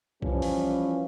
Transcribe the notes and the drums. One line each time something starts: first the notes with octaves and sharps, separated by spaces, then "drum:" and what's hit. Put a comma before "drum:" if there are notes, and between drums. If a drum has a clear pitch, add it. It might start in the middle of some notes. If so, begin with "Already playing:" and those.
E3 F3 G3 C#4, drum: kick B1
drum: open hi-hat